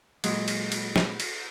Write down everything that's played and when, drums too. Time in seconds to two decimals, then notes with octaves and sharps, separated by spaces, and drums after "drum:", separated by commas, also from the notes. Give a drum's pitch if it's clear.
0.24 A#2 F#3 G#3, drum: cymbal
0.48 drum: cymbal
0.72 drum: cymbal
0.96 drum: snare
1.20 drum: cymbal